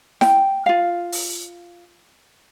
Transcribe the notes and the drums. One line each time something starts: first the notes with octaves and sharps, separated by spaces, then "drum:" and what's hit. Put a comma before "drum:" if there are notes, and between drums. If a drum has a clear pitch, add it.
G5, drum: snare E4
F4 F5
drum: open hi-hat